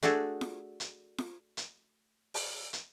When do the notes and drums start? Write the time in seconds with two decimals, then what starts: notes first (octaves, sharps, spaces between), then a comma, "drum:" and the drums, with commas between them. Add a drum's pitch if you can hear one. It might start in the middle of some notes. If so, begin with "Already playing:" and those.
0.03 A3 D4 F#4 G#4 A4, drum: hi-hat
0.41 drum: snare F4
0.80 drum: hi-hat
1.18 drum: snare F4
1.57 drum: hi-hat
2.34 drum: open hi-hat
2.73 drum: hi-hat